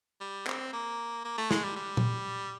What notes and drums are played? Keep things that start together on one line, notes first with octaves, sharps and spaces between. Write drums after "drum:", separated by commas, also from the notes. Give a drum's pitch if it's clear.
G3
C4, drum: clap
A#3
A#3
A3
G#3, drum: snare
G3
G3
drum: tom